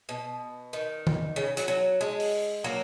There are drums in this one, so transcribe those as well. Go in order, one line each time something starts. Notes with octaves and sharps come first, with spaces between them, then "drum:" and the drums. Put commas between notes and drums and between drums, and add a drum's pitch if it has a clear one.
B2
D#3
drum: tom D#3
C#3
F#3, drum: hi-hat
F#3
G#3
drum: open hi-hat
F#3 A#3